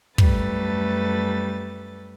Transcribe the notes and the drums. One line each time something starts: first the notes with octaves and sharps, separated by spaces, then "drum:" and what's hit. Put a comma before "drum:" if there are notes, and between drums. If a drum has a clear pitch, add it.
F#2 G3 A3 A4 B4 A6, drum: kick